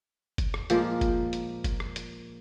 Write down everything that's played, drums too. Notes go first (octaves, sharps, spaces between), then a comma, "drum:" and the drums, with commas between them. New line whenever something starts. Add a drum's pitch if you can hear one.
drum: kick, hi-hat
drum: rim click
A#2 F3 G#3 A#3, drum: hi-hat
drum: kick, hi-hat
drum: hi-hat
drum: kick, hi-hat
drum: rim click
drum: hi-hat